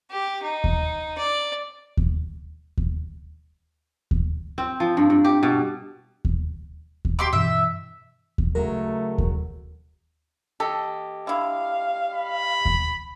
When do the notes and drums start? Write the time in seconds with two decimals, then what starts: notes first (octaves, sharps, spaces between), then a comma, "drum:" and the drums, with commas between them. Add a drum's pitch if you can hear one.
0.10 G4
0.43 D#4
0.64 drum: kick D#2
1.18 D5
1.97 drum: kick D#2
2.77 drum: kick D#2
4.11 drum: kick D#2
4.58 C4
4.80 F3
4.97 G2
5.10 G2
5.25 G4
5.43 B2
6.25 drum: kick D#2
7.05 drum: kick D#2
7.19 G4 C6 D6
7.33 G2 B2 E3 E5
8.38 drum: kick D#2
8.55 C#3 F#3 G#3 A3 A#4
9.18 drum: kick D#2
10.60 G4 A4 D#5
11.27 D3 E4 F5
12.15 B5
12.65 drum: kick D#2